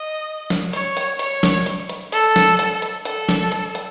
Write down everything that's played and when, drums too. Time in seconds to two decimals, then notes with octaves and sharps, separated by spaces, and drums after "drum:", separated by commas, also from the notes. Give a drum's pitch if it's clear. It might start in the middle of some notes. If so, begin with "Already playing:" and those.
Already playing: D#5
0.50 drum: snare
0.73 C#5, drum: hi-hat
0.97 drum: hi-hat
1.19 C#5, drum: hi-hat
1.43 drum: snare
1.66 drum: hi-hat
1.89 drum: hi-hat
2.12 A4, drum: hi-hat
2.36 drum: snare
2.59 drum: hi-hat
2.82 drum: hi-hat
3.05 A4, drum: hi-hat
3.29 drum: snare
3.52 drum: hi-hat
3.75 drum: hi-hat